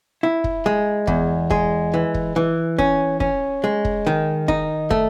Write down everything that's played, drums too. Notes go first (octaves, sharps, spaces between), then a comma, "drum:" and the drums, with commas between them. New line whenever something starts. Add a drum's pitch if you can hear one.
E4
drum: kick
G#3
E2, drum: kick
G#3, drum: kick
E3
drum: kick
E3
C#4, drum: kick
C#4, drum: kick
G#3
drum: kick
D#3
D#4, drum: kick
A3, drum: kick